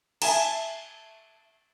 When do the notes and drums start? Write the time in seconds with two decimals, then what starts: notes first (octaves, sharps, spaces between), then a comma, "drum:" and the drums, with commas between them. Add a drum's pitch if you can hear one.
0.22 E5 G#5 A5, drum: cymbal